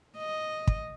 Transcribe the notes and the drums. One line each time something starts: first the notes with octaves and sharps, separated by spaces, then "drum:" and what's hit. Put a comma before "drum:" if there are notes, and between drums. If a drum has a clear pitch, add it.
D#5
drum: kick